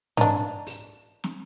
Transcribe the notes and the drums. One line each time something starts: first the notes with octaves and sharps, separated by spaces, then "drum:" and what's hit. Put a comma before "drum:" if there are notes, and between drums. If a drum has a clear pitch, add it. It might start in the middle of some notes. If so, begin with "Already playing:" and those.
D4 D#4, drum: tom G#2
drum: open hi-hat
drum: snare